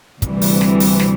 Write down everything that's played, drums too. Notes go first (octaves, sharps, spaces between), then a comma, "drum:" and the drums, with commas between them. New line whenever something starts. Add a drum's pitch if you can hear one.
D2 C3 E3 G3, drum: kick, hi-hat
drum: open hi-hat
drum: snare
drum: open hi-hat
drum: snare